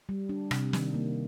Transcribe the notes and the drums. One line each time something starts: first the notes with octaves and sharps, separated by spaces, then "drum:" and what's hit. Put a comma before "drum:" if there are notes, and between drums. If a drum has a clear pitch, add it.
G3
D4
C3, drum: rim click
D#3, drum: snare
A#3